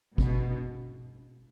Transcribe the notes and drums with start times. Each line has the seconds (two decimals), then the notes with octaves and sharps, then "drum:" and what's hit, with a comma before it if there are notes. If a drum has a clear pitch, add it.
0.18 B2, drum: kick